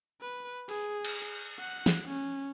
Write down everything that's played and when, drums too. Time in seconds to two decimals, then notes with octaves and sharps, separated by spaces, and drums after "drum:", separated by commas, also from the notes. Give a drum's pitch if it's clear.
0.21 B4
0.69 G#4, drum: open hi-hat
1.05 drum: cymbal
1.59 F#5
1.86 drum: snare
2.08 C#4